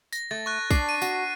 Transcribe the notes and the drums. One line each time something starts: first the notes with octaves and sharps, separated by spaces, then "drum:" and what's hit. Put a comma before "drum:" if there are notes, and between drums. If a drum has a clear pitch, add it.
A#6, drum: tambourine
A3 A6
C#6 F#6
D4 C7, drum: kick, tambourine
D#7
F#4, drum: tambourine